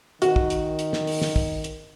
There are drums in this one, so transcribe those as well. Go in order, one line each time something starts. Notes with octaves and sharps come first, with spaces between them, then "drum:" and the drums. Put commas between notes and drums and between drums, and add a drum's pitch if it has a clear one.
D#3 F#4, drum: hi-hat
drum: kick
drum: hi-hat
drum: hi-hat
drum: snare
drum: open hi-hat
drum: snare
drum: kick
drum: hi-hat